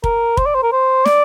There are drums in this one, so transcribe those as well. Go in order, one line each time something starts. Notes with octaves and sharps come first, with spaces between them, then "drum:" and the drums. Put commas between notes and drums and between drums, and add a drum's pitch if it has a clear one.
A#4, drum: kick
C5, drum: kick
D5
C5
A#4
C5
D5, drum: snare